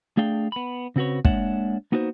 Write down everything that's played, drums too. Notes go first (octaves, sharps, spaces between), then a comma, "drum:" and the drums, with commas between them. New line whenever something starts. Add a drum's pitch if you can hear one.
A3 D4 G#4 D5 F5 G5
B3 B5
C#3 C4 F#4 B4 C#5
G#3 A#3 D4 C#5 E5 F#5, drum: kick
A#3 B3 D#4 F#4 A4 C5